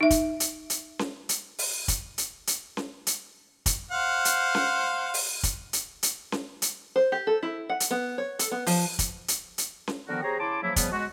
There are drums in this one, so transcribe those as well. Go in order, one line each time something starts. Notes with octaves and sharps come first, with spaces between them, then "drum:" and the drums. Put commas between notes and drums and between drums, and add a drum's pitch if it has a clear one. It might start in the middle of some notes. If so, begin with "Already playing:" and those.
D#4 E5
drum: kick, hi-hat
drum: hi-hat
drum: hi-hat
drum: snare C#4
drum: hi-hat
drum: open hi-hat
drum: kick, hi-hat
drum: hi-hat
drum: hi-hat
drum: snare C#4
drum: hi-hat
drum: kick, hi-hat
C5 F5 F#5
drum: hi-hat
drum: snare C#4
drum: open hi-hat
drum: kick, hi-hat
drum: hi-hat
drum: hi-hat
drum: snare C#4
drum: hi-hat
C5
G4
A4
E4
F#5
drum: hi-hat
B3
C#5
A4, drum: hi-hat
B3
F3, drum: open hi-hat
drum: kick, hi-hat
drum: hi-hat
drum: hi-hat
drum: snare C#4
D3 D#3 F3 B3 F#4 A#4
G4 G#4 C5 C#5 A#5
C#3 E4 A5 C6 D6
C#3 F3 F#3 A#3 E4
C#3 F3 G3 B3, drum: kick, hi-hat
G#3 F#4